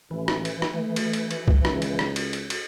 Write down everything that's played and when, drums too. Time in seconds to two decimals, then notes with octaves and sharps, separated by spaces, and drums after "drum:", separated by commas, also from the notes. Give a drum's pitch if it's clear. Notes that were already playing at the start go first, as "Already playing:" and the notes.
0.11 A1 E3
0.28 drum: rim click
0.45 drum: cymbal
0.62 drum: rim click
0.74 A3
0.96 drum: cymbal
1.13 drum: cymbal
1.31 drum: cymbal
1.48 drum: kick C2
1.65 C#2, drum: rim click
1.82 drum: cymbal
1.99 drum: rim click
2.16 drum: cymbal
2.33 drum: cymbal
2.50 drum: cymbal